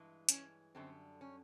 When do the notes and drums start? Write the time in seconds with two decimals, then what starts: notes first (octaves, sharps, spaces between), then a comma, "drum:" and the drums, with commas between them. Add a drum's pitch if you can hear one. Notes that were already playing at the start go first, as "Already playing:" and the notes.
Already playing: G2 E3 G#3
0.29 C#4, drum: hi-hat
0.75 F#2 D3 G3 C4
1.21 C#4